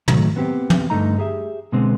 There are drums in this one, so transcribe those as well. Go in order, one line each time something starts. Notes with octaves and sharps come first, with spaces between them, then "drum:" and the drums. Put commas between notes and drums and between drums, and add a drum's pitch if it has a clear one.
A2 D#3 F#3 A3, drum: tom
B3 C4 G4
drum: tom
G2 D3 A3 D#4 A#5
G4 G#4 E5
B2 D3 G#3 B3 C4